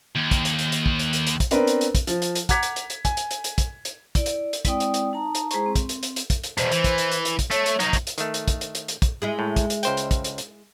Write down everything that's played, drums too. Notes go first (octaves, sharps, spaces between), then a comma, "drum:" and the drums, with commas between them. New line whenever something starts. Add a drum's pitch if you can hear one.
D#2
drum: kick, hi-hat
drum: hi-hat
drum: hi-hat
drum: hi-hat
drum: kick
drum: hi-hat
drum: hi-hat
drum: hi-hat
drum: kick, hi-hat
B3 C4 D4 A#4 B4, drum: hi-hat
drum: hi-hat
drum: hi-hat
drum: kick, hi-hat
F3, drum: hi-hat
drum: hi-hat
drum: hi-hat
F#5 A#5 D6 G#6 B6, drum: kick, hi-hat
drum: hi-hat
drum: hi-hat
drum: hi-hat
G#5, drum: kick, hi-hat
drum: hi-hat
drum: hi-hat
drum: hi-hat
drum: kick, hi-hat
drum: hi-hat
E4 D5, drum: kick, hi-hat
drum: hi-hat
drum: hi-hat
G#3 C4 E4 D5 G5 D#6, drum: kick, hi-hat
drum: hi-hat
drum: hi-hat
D#4 A5 A#5
drum: hi-hat
G#3 E4 G#4 C5 A#5 C#6, drum: hi-hat
C4
drum: kick, hi-hat
drum: hi-hat
drum: hi-hat
drum: hi-hat
drum: kick, hi-hat
drum: hi-hat
E2 B2 C5, drum: hi-hat
E3, drum: hi-hat
drum: kick, hi-hat
drum: hi-hat
drum: hi-hat
drum: hi-hat
drum: kick, hi-hat
A3 C#5, drum: hi-hat
drum: hi-hat
F#3 D#4, drum: hi-hat
drum: kick, hi-hat
drum: hi-hat
D#3 A3, drum: hi-hat
drum: hi-hat
drum: kick, hi-hat
drum: hi-hat
drum: hi-hat
drum: hi-hat
drum: kick, hi-hat
G#3 E4 G#4
A2
drum: kick, hi-hat
drum: hi-hat
C#2 C5 G5, drum: hi-hat
drum: hi-hat
drum: kick, hi-hat
drum: hi-hat
drum: hi-hat